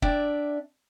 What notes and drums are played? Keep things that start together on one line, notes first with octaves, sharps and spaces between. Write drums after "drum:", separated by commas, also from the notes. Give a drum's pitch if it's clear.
D4 D5 E5 G5, drum: kick